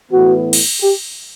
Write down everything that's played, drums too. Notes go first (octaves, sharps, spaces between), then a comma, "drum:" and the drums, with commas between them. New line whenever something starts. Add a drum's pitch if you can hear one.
A2 E3 B3 F#4
drum: cymbal
G4